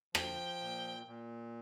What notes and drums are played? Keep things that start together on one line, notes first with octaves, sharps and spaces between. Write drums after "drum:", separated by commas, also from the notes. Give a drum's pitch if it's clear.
F3 G5, drum: rim click
A#2
A#2